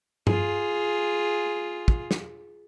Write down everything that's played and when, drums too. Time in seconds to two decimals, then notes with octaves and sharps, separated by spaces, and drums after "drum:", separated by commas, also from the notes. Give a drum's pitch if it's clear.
0.27 F4 G#4, drum: tom G2
1.88 drum: kick
2.11 drum: snare